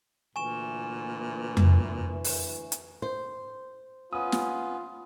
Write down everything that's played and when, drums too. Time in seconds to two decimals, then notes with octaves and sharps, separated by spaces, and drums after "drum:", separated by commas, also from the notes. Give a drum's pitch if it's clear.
0.36 D2 A#2 E3 G#5 C#6 E7
1.57 drum: tom F2
2.24 drum: open hi-hat
2.72 drum: hi-hat
3.02 C5
4.13 B3 C#4 F4 D#6
4.32 drum: snare